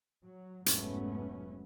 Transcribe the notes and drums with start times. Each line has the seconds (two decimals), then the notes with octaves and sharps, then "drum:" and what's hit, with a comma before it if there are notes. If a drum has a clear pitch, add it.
0.25 F#3
0.66 F1 G#2 F#3 A3 B3 C#4, drum: hi-hat